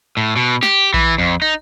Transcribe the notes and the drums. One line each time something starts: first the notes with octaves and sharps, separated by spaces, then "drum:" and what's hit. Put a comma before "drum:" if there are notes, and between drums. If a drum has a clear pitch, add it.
A2
B2
G4, drum: snare
E3, drum: kick A#1
F2
D#4